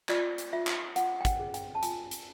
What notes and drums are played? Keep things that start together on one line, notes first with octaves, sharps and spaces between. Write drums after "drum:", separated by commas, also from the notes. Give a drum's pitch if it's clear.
F4 D5, drum: clap
drum: hi-hat
F4 E5
drum: clap
F4 F#5, drum: hi-hat
G5
F#5, drum: kick, hi-hat
G#4
G5, drum: hi-hat
A5
F4 G#5, drum: hi-hat
drum: hi-hat